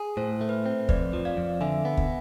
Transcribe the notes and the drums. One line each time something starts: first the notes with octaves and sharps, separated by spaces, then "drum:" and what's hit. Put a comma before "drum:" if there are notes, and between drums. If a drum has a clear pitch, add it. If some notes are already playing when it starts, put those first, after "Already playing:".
Already playing: G#4
A2 C5
A3
B4
C5
C4
F2 B4 D5, drum: kick
F3
D5 F5
F2
D3 E5 G#5
B3
drum: kick